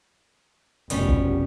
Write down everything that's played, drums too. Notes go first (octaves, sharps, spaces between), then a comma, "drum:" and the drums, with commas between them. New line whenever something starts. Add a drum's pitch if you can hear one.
F1 B2 G3 C#4, drum: hi-hat
drum: kick